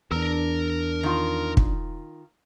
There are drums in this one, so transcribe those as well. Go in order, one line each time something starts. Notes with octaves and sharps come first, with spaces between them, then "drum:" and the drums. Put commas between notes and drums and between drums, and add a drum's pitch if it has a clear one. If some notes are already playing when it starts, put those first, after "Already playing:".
E2 D4 A#4 A#5 E6
D#3 F4
drum: kick